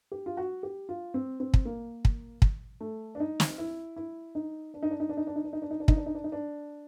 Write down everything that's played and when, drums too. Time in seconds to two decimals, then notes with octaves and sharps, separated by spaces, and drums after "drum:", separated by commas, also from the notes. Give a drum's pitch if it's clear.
0.12 G4
0.26 F4
0.37 F#4
0.63 G4
0.89 F4
1.14 C4
1.40 C4
1.54 drum: kick
1.65 A#3
2.05 drum: kick
2.42 drum: kick
2.81 A3
3.15 D4
3.20 D#4
3.40 drum: snare
3.58 E4
3.96 E4
4.35 D#4
4.74 D4
4.83 D#4
4.91 D4
5.00 D#4
5.09 D4
5.17 D#4
5.27 D4
5.36 D#4
5.45 D4
5.53 D#4
5.62 D4
5.71 D#4
5.80 D4
5.88 D#4, drum: kick
5.97 D4
6.06 D#4
6.15 D4
6.24 D#4
6.32 D4